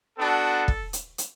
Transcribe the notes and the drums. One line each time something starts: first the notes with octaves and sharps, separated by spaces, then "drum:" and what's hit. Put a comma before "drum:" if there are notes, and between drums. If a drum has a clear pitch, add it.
B3 D4 F#4 A4
drum: kick
drum: hi-hat
drum: hi-hat